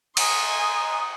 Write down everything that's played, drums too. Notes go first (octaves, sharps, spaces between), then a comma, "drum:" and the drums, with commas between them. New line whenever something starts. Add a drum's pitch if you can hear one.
G#5 A#5 C6 D#6, drum: cymbal